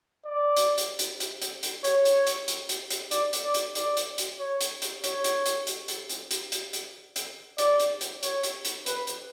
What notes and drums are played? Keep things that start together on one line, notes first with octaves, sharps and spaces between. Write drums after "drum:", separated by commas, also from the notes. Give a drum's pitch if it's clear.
D5
drum: hi-hat
drum: hi-hat
drum: hi-hat
drum: hi-hat
drum: hi-hat
drum: hi-hat
C#5, drum: hi-hat
drum: hi-hat
drum: hi-hat
drum: hi-hat
drum: hi-hat
drum: hi-hat
D5, drum: hi-hat
drum: hi-hat
D5
drum: hi-hat
D5, drum: hi-hat
drum: hi-hat
drum: hi-hat
C#5
drum: hi-hat
drum: hi-hat
C#5, drum: hi-hat
drum: hi-hat
drum: hi-hat
drum: hi-hat
drum: hi-hat
drum: hi-hat
drum: hi-hat
drum: hi-hat
drum: hi-hat
drum: hi-hat
D5, drum: hi-hat
drum: hi-hat
drum: hi-hat
C#5, drum: hi-hat
drum: hi-hat
drum: hi-hat
B4, drum: hi-hat
drum: hi-hat